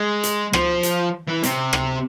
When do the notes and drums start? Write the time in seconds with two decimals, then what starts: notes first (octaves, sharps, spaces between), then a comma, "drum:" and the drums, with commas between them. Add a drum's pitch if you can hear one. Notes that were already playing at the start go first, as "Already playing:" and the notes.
Already playing: G#3
0.23 drum: hi-hat
0.53 F3, drum: rim click
0.83 drum: hi-hat
1.28 E3
1.43 C3, drum: hi-hat
1.73 drum: rim click